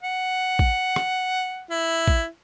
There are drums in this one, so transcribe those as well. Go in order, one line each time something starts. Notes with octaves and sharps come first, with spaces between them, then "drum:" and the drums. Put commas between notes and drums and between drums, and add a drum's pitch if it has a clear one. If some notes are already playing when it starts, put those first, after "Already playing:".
F#5
drum: kick
drum: rim click
E4
drum: kick